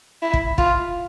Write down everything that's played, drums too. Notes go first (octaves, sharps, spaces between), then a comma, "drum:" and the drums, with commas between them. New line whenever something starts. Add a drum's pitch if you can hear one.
E4
drum: kick
F4, drum: kick